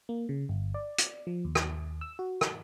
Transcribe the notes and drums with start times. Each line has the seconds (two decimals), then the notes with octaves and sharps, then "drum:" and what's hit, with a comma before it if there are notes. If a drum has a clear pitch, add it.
0.09 A#3
0.29 C#3
0.49 G1
0.74 D5
0.98 drum: hi-hat
1.27 F3
1.45 D#2
1.55 drum: rim click
2.01 E6
2.19 F#4
2.41 drum: rim click